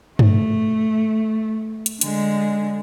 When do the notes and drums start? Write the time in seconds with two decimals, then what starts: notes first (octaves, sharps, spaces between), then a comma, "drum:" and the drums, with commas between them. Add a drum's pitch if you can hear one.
0.19 A3, drum: tom G2
1.86 drum: hi-hat
2.01 D3 G#3, drum: hi-hat